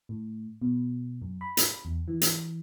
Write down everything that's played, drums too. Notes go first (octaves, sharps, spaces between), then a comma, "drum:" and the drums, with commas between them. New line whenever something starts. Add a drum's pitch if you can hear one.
A2
B2
F#2
B5
drum: hi-hat
E2
E3
drum: hi-hat